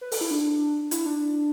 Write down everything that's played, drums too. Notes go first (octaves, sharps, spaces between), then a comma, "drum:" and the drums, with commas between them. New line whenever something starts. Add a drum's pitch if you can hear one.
B4
A4, drum: open hi-hat
E4
D4
E4, drum: hi-hat
D4